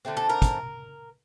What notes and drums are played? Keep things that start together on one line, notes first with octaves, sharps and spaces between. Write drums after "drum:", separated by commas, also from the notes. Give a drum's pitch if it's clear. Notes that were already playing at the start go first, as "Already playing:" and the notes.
D3 A3 C4
A4
A#4
drum: kick, hi-hat